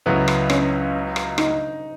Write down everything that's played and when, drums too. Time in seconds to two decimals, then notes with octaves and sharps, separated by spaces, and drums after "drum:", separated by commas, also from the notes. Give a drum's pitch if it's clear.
0.06 C#2 C#3 F#3 B3 E4
0.28 drum: rim click
0.50 C#4, drum: rim click
1.16 drum: rim click
1.38 D#4, drum: rim click